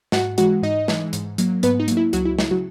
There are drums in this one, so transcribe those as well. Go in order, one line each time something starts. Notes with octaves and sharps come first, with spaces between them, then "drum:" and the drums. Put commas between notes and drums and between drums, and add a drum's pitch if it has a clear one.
G#2 F#4 F#5, drum: snare
E3 G#3 F#4 F#5, drum: hi-hat
G#2 D#4 D#5
E3 G#3, drum: snare
G#2, drum: hi-hat
F#3 A#3, drum: hi-hat
G#2 B3 B4, drum: hi-hat
D#4
F#3 A#3, drum: hi-hat
E4
C#2 F#3 F#4, drum: hi-hat
E4
C#3 F#3 E4, drum: snare
F#3 F#4